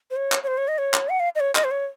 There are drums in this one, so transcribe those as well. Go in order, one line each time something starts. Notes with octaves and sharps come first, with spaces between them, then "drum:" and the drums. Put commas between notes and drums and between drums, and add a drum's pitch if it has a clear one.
C5
C#5
drum: clap
C#5
C5
C#5
D#5
C#5
drum: clap
F#5
F5
D#5
C#5
D#5, drum: clap
C5
C#5